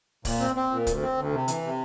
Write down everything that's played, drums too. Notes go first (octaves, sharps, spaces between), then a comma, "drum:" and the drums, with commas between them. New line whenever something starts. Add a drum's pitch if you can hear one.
A#2, drum: kick C#1, open hi-hat
C4
C4
A#2
D2, drum: kick C#1, hi-hat
C4
D2
C3
E3, drum: hi-hat
C3